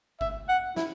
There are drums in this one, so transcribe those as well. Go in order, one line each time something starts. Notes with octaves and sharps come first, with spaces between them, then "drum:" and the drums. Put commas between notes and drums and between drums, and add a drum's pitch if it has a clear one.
E5, drum: kick G1
F#5
E4, drum: snare